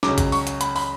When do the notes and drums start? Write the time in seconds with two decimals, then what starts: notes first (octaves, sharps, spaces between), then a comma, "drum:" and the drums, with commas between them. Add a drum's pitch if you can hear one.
0.03 C#2 C#3 F#3 D6, drum: snare
0.18 drum: kick A1, hi-hat
0.32 C#6, drum: open hi-hat
0.47 drum: hi-hat
0.61 B5, drum: hi-hat
0.76 B5, drum: open hi-hat